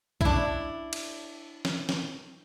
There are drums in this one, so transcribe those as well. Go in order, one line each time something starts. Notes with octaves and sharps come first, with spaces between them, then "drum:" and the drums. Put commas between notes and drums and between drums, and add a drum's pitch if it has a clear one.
D4 E4, drum: kick
drum: cymbal
drum: snare
drum: snare